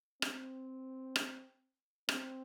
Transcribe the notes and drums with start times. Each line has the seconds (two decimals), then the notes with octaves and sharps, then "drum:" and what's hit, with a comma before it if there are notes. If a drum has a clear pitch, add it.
0.22 C4, drum: rim click
1.16 drum: rim click
2.09 C4, drum: rim click